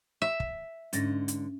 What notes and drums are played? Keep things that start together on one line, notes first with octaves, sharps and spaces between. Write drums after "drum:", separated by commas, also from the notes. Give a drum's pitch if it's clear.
E5
drum: kick
G#2 D3 C#4 A6 A#6, drum: hi-hat
drum: hi-hat